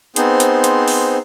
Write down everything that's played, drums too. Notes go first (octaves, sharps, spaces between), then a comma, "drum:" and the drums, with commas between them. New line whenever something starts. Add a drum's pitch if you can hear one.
B3 C4 D#4 G#4 C5 C6, drum: hi-hat
drum: hi-hat
drum: hi-hat
drum: open hi-hat